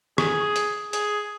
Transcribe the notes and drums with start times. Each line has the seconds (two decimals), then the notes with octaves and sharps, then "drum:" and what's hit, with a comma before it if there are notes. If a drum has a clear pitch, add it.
0.18 G#4, drum: rim click
0.56 drum: hi-hat
0.93 G#4, drum: hi-hat